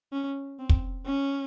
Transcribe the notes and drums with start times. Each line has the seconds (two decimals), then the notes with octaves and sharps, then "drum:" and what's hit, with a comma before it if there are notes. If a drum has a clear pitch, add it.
0.13 C#4
0.59 C4
0.69 drum: kick
1.05 C#4